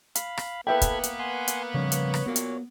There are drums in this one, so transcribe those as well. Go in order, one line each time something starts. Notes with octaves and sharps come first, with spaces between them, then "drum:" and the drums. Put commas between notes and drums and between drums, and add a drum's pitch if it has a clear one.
F5 B5, drum: hi-hat
drum: rim click
A#3 B3 A4 B4 E5 G5 B5 G#6
drum: kick, hi-hat
drum: hi-hat
F#5 G#5 C6
drum: hi-hat
C#3 F3 G3 C#5
drum: hi-hat
drum: rim click
A#2 F#3 A#3 B3
drum: hi-hat